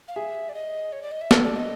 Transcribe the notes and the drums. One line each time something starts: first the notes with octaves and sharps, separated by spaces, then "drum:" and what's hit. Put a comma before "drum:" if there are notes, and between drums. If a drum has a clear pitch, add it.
F5
G#4 E5
D5
D#5
C#5
D5
D#5
E5
A4 D5, drum: snare
D5
D#5